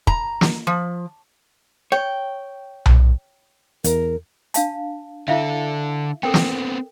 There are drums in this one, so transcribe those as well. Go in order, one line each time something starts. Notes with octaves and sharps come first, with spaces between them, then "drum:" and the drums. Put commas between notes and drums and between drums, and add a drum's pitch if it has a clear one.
A#5, drum: kick
drum: snare
F3
C#5 G5
drum: tom B1
E2 A#4, drum: hi-hat
D4 F5 A5, drum: hi-hat
D3 E4 A4 E5 F5
B3 C4 A4 A#4 G5
drum: snare